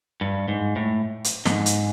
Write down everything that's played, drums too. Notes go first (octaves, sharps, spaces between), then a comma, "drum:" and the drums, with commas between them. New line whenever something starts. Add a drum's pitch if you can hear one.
G2
G#2
A2
drum: hi-hat
G#2, drum: snare
drum: hi-hat